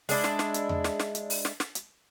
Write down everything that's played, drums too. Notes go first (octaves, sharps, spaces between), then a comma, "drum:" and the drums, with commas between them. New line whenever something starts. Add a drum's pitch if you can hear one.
G#3 D4 E4, drum: open hi-hat
drum: snare
drum: snare
drum: hi-hat
drum: tom E2
drum: snare
drum: snare
drum: hi-hat
drum: open hi-hat
drum: snare
drum: snare
drum: hi-hat